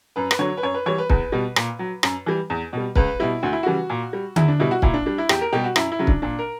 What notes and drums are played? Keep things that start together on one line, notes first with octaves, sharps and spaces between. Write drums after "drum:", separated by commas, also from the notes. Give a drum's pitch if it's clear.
F#2 B4
B4, drum: rim click
D3 F#3 C#5
B4
F#2 C#5
B4
E3 G3 C#5
B4
E2 B4, drum: kick
B2 G3
A#2, drum: rim click
F#3
F#2, drum: rim click
E3 G3
E2
B2 G3
C#2 B4, drum: kick
B2 G3 E4
D2 F#4
E4
C#3 E3 G3 F#4
A#2
G3
E2 E4, drum: tom D3
D4
B2 G3 E4
F#4
A#2 E4, drum: kick
D4
G3 D4
E4
E2 G4, drum: rim click
A#4
B2 G3 G4
F#4
F#2 E4, drum: rim click
E4
C#3 F#3
D4, drum: kick
A#2 D4
A#4